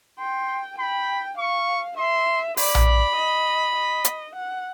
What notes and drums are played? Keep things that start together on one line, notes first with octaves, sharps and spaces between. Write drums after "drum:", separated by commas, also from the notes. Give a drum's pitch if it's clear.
G5 C6
G5 B5
F5 C#6
E5 C6
D5 B5, drum: open hi-hat
drum: tom A#1
D#5
D#5
drum: hi-hat
F#5